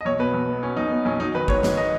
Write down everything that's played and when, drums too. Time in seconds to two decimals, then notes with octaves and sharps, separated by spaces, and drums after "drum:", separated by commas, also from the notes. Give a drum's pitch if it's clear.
0.01 D#5
0.05 B1 C#5
0.19 B2 B4
0.34 B1
0.49 B3
0.62 B2 C#4
0.77 B1 D#4
0.92 B3
1.05 B1 C#4
1.20 F#3 D#4
1.35 D#3 B4
1.48 G#2 C#5, drum: kick
1.63 G#2, drum: snare
1.77 D#5